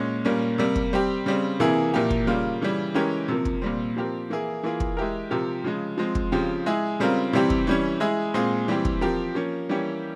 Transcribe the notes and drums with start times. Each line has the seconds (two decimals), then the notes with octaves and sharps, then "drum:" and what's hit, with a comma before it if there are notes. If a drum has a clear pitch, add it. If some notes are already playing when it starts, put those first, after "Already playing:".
Already playing: A#2 G#3 C#4
0.25 A#2 G3 A#3 C#4
0.58 C3 G3 A#3
0.76 drum: kick
0.93 G3 C4 G4
1.26 C#3 G3 C4
1.60 C3 E3 A#3 E4 G#4
1.94 A#2 F3 A#3 E4 G4
2.10 drum: kick
2.27 C#3 G3 A#3 F4
2.61 C#3 E3 G3
2.94 E3 G#3 C#4 G4 A#4
3.28 C3 F3 A#3
3.45 drum: kick
3.62 A#2 G3 C4
3.96 F3 C4 G4 A#4
4.30 E3 A#3 E4 G#4
4.63 E3 A#3 F4 G#4
4.80 drum: kick
4.97 G#3 E4 G4 A#4
5.31 C3 F3 C4 G4 A#4
5.64 C#3 F3 G#3
5.98 F3 G#3 C4
6.15 drum: kick
6.32 C#3 F3 C4 G4
6.66 G#3 E4 G#4
7.00 C#3 G3 C4 F4 A#4
7.33 C3 E3 G3 C4 G4
7.50 drum: kick
7.67 E3 G3 C#4
8.00 G#3 E4 G#4
8.34 A#2 G#3 C4 F4 G#4
8.68 E3 G3 C4 G4
8.85 drum: kick
9.01 F3 C4 G4 A#4
9.35 F3 A#3 C#4
9.69 E3 G3 A#3 C#4 G4